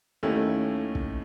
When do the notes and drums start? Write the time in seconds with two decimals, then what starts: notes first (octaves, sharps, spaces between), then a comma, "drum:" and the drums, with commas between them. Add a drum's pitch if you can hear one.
0.23 D#2 D#3 A3 C#4 E4
0.95 drum: kick